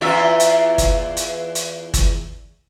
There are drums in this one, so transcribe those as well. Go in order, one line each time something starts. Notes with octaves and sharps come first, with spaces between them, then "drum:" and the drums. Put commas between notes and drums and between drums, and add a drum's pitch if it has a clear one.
E2 F4 E5
drum: hi-hat
drum: kick, hi-hat
drum: hi-hat
drum: hi-hat
drum: kick, hi-hat